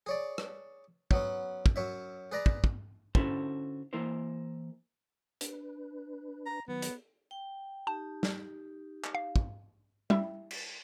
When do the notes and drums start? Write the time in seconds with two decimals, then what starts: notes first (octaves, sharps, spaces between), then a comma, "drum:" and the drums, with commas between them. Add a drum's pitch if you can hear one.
0.06 G#4 C#5 D5
0.38 drum: rim click
1.11 F#3 B3 C#4, drum: kick
1.66 drum: kick
1.76 F#2 C#5 E5
2.32 G#4 B4 D5 A#5
2.46 drum: kick
2.64 drum: kick
3.15 D3 C#4 E4 F#4 A4 C5, drum: kick
3.93 E3 A#3 E4 A#4 C5
5.41 D4 B4, drum: hi-hat
6.46 A#5
6.68 D#3 F#3 B3
6.82 drum: hi-hat
7.31 G5
7.87 D#4 G4 A5
8.23 drum: snare
9.04 drum: clap
9.15 F5
9.36 drum: kick
10.10 G3 E4 E5, drum: tom G3
10.51 drum: cymbal